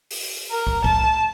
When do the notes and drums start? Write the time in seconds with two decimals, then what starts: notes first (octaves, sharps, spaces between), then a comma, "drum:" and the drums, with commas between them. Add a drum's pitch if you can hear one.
0.11 drum: open hi-hat
0.51 A#4
0.67 drum: kick
0.84 A5, drum: kick